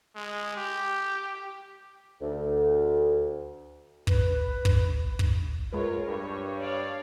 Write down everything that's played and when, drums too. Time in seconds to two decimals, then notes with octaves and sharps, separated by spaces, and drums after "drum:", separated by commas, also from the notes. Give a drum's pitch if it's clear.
0.16 G#3
0.56 G4
2.21 D2
4.07 B4, drum: kick
4.43 B4
4.65 drum: kick
5.19 drum: kick
5.73 G#3 F4 A#4 B4 C#5
6.08 G2 C#5
6.59 C#5 D5 F5